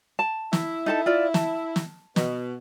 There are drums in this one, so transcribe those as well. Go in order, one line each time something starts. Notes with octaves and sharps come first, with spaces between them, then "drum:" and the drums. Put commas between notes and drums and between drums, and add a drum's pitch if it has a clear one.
A5
E4, drum: snare
D#4 A4 A5
F4 D5
A5, drum: snare
drum: snare
B2, drum: snare